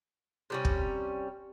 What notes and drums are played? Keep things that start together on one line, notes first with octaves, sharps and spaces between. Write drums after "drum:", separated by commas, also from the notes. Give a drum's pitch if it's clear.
C3 G3 C#4
drum: kick